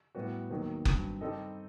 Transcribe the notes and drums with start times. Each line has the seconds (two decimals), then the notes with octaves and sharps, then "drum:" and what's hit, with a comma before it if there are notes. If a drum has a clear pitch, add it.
0.15 A2 G3 B3 F#4
0.50 D#2 D#3 F#3 B3
0.85 G2 F#3 C4, drum: kick F#1
1.21 G3 C4 D#4 A4 D#5